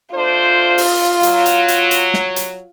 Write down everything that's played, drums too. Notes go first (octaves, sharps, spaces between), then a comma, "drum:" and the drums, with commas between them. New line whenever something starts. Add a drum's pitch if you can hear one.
A3 D4 F4 C5
drum: open hi-hat
F#3, drum: hi-hat
drum: hi-hat
drum: hi-hat
drum: hi-hat
drum: snare
drum: hi-hat